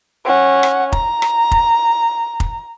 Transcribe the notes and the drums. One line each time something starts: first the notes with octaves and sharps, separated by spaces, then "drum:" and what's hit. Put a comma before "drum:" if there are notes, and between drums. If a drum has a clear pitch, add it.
C#4 F#5
drum: rim click
A#5, drum: kick F1
drum: rim click
drum: kick F1
drum: kick F1